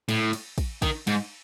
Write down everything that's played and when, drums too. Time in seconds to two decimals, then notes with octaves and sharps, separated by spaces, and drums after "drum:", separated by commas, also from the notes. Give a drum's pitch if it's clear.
0.09 A2, drum: cymbal
0.33 drum: cymbal
0.58 drum: kick, cymbal
0.82 D#3, drum: kick, cymbal
1.07 G#2, drum: cymbal